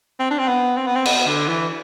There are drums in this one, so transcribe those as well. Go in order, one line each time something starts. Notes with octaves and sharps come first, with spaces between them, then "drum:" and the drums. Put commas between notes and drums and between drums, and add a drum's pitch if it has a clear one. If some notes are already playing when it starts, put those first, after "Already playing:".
C4
D4
C4
B3
C4
B3
C4
B3, drum: cymbal
D3
E3